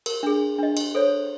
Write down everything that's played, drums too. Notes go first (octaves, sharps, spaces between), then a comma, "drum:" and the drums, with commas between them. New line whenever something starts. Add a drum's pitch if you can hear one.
A#4, drum: cymbal
D4 G#4
D4 D#5
drum: cymbal
A4 C5 C#5